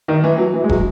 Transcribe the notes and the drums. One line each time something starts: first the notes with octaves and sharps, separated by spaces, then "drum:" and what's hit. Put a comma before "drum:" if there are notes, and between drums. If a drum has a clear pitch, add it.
D#3
E3
F#3
E3
G#3
F#3, drum: kick